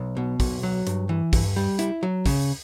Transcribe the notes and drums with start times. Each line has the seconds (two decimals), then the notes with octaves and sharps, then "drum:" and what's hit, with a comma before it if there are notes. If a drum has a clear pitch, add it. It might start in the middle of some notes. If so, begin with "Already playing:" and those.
Already playing: B1
0.17 B2
0.40 B1, drum: kick, open hi-hat
0.63 F#3
0.87 G2, drum: hi-hat
1.09 E3
1.33 G2, drum: kick, open hi-hat
1.56 G3
1.79 E4, drum: hi-hat
2.03 F#3
2.26 C#3, drum: kick, open hi-hat